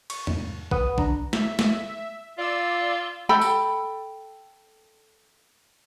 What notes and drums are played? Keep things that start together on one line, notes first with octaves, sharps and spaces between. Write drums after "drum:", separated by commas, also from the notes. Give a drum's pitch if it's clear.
C#6, drum: cymbal
G#2, drum: tom E2
B4 F#5 D#6, drum: kick
D3 D4 A#5, drum: kick
E5, drum: snare
drum: snare
F4 D5 E6
A4 G5 B5
drum: tambourine